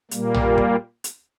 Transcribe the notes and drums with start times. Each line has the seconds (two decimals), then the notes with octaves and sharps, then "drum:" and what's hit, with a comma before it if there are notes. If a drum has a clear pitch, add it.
0.11 A#2 G3 A#3, drum: hi-hat
0.34 drum: tom
0.58 drum: kick
1.04 drum: hi-hat